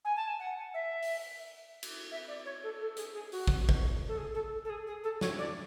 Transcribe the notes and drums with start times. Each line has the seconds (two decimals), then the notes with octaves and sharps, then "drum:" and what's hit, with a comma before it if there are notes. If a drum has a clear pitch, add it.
0.04 G#5
0.16 A5
0.28 G#5
0.39 F#5
0.74 E5
1.02 drum: open hi-hat
1.83 drum: cymbal
2.11 E5
2.28 D5
2.45 C#5
2.63 A4
2.81 A4
2.97 G#4, drum: hi-hat
3.14 G#4
3.32 F#4, drum: open hi-hat
3.48 drum: kick
3.69 drum: kick
4.08 A4
4.17 G#4
4.34 A4
4.64 A4
4.69 G#4
4.87 G#4
5.03 A4
5.21 C#5, drum: snare
5.38 D5